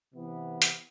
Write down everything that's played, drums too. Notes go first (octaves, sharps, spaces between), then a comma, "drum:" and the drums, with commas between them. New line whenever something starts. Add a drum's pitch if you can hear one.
C3 E3 B3
drum: hi-hat